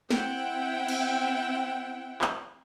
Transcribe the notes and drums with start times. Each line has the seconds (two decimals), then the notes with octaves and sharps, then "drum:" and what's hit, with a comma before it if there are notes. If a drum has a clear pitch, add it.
0.11 C4 E4 E5 F#5 G5, drum: snare
0.88 drum: cymbal
2.21 drum: clap